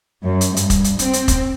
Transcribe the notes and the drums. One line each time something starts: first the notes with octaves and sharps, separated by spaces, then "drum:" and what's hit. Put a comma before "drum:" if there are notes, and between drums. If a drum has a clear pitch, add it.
F#2
drum: hi-hat
G2, drum: hi-hat
drum: kick E1, hi-hat
drum: hi-hat
C4, drum: hi-hat
drum: hi-hat
drum: kick E1, hi-hat